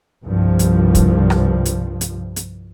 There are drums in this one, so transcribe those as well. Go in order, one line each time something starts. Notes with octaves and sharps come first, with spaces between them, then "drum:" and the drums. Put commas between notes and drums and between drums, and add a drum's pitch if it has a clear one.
C2 G2 F3
drum: hi-hat
drum: kick, hi-hat
drum: rim click
drum: hi-hat
drum: hi-hat
drum: hi-hat